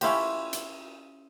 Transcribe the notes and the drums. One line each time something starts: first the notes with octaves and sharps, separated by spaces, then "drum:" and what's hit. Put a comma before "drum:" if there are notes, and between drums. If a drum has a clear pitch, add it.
C#4 E4 F4 G4, drum: cymbal
drum: hi-hat